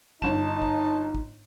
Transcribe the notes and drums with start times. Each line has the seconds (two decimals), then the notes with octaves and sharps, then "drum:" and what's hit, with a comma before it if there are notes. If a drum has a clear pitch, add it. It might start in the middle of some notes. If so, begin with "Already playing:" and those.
0.22 G1 D#4 A5 E7, drum: kick
0.62 drum: kick
1.15 drum: kick